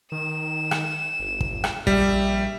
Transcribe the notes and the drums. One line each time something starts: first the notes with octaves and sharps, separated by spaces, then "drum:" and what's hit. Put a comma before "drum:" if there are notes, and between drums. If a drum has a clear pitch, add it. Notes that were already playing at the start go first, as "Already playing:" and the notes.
D#3 E7
drum: rim click
G1
drum: kick
drum: rim click
A#1 G3 E5, drum: kick